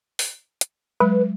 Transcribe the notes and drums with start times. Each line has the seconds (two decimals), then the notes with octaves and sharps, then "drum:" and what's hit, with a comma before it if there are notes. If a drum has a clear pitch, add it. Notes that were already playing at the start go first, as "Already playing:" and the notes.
0.19 drum: open hi-hat
0.61 drum: hi-hat
1.00 F#3 G#3 B4